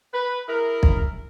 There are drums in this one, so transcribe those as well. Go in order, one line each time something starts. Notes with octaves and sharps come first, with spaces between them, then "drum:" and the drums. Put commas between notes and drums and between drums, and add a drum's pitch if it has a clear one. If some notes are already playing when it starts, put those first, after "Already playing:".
B4
E4 G#4 A#4
drum: kick